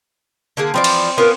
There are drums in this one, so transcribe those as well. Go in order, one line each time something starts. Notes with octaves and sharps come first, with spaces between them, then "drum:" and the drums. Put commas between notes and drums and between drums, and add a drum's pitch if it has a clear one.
D3 A#3 G#4
E3 F3 C4 D5
drum: cymbal
B3 C#4 F4 A#4